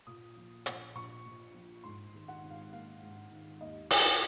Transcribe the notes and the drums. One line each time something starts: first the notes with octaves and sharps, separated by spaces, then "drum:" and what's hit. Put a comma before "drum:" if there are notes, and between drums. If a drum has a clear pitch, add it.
A#2 D#6
F3
A#1, drum: hi-hat
A#1 C#6
A#2
F3
G#2 C6
D#3
F#5
G#1
F5
A#3 F5
G#2
D#3
D#2 D#5
C#3, drum: open hi-hat